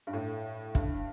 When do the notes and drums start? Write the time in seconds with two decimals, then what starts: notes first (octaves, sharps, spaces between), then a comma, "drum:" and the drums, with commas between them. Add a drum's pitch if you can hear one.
0.07 G2
0.13 A2
0.75 G2, drum: kick